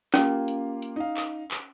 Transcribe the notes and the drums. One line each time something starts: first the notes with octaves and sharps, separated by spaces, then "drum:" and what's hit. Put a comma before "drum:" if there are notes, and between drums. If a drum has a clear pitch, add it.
A#3 C#4 F4 G4, drum: clap
drum: hi-hat
drum: hi-hat
D#4 F5
drum: clap
drum: clap